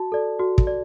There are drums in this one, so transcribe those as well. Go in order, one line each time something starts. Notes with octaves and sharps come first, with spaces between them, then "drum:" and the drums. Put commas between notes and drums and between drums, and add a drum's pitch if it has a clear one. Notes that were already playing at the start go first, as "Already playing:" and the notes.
Already playing: F#4 A5
A4 D5
F#4
drum: kick
D5